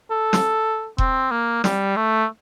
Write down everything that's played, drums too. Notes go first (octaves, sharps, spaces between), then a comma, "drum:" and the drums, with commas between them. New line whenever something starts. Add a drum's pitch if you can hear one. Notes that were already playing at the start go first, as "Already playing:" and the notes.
A4
drum: snare
C4, drum: kick E1
A#3
G3, drum: snare
A3